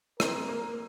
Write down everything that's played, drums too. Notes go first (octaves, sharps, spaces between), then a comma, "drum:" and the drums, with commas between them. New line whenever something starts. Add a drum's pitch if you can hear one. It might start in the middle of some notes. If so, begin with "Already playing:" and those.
C4 A#4, drum: rim click
A#3